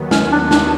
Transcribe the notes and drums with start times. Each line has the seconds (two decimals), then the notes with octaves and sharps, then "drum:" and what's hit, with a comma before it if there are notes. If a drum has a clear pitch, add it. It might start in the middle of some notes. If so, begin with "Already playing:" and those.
Already playing: D#2 D#3 F#3 B3
0.11 C#4, drum: snare
0.31 D4
0.51 D4, drum: snare